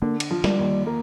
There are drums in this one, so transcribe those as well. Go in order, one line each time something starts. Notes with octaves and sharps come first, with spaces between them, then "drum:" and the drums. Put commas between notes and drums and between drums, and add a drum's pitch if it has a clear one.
D3 A#3
drum: cymbal
F3
G3, drum: snare
D#2
A#3